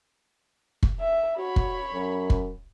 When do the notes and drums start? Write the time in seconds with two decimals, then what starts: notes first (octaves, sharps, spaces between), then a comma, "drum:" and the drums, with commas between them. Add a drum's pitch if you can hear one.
0.83 drum: kick
1.00 E5
1.38 F#4 C#5 B5
1.56 drum: kick
1.93 F#2
2.30 drum: kick